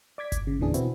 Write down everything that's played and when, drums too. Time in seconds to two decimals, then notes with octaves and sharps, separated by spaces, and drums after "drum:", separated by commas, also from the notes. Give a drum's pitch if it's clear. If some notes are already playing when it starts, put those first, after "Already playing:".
0.18 D5 D6 G#6 B6
0.32 drum: kick G1, hi-hat
0.47 C#3
0.59 E2 A#2 D3 E3 D4 G#4
0.74 B2 B3 C4 E4 F#4, drum: hi-hat